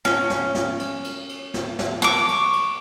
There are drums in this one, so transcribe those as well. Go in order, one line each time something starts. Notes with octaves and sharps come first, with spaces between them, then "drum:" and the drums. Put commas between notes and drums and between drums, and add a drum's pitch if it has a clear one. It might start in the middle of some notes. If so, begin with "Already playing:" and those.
C#4, drum: snare
drum: snare
drum: snare
drum: cymbal
drum: cymbal
drum: cymbal
drum: snare
drum: snare
C#6 D6, drum: snare
drum: cymbal
drum: cymbal